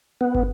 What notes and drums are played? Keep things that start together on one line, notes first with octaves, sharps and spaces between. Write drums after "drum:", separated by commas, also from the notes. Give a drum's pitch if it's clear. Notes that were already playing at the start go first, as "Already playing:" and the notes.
B3
drum: kick